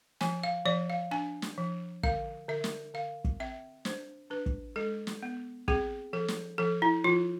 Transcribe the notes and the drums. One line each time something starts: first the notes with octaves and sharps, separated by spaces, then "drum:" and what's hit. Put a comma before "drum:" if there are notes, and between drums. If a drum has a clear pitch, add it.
F3 G#5, drum: snare
F5
F3 D5
F5
D4 G#5
drum: snare
F3
D3 F5, drum: kick
D3 E5
drum: snare
D3 F5
drum: kick
C4 E5
D4 C5, drum: snare
D4 B4
drum: kick
G#3 A4
drum: snare
B3
C4 G#4, drum: kick
F3 A4
drum: snare
F3 A4
E4
F3 F4